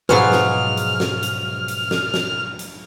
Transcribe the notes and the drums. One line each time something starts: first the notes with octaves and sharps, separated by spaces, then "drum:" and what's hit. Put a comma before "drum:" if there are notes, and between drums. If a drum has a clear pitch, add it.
B1 G#2 F3 F#3 G#3 G#4 B4 F6, drum: snare
drum: snare
drum: hi-hat
drum: snare
drum: hi-hat
drum: hi-hat
drum: snare
drum: snare
drum: hi-hat